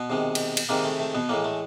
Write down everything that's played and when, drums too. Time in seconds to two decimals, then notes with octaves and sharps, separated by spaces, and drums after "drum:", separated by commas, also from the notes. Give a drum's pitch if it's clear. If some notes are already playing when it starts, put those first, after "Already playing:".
Already playing: B2 B3
0.10 C3 D#3 G#3
0.35 drum: cymbal
0.57 drum: cymbal
0.69 C3 D#3 G#3 A#3
0.84 A3
1.00 A3
1.15 B2 B3
1.29 A2 E3 G#3 A#3
1.44 A3